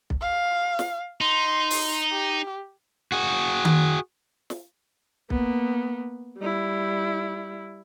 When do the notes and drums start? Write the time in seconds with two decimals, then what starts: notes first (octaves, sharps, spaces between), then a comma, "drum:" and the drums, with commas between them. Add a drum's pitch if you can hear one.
0.10 drum: kick B1
0.21 F5
0.79 drum: snare
1.21 D#4 C6
1.70 drum: open hi-hat
2.11 G4
3.12 F#4 G#4
3.65 drum: tom D#3
4.50 drum: snare
5.30 A#3 B3, drum: kick B1
6.39 G3 E4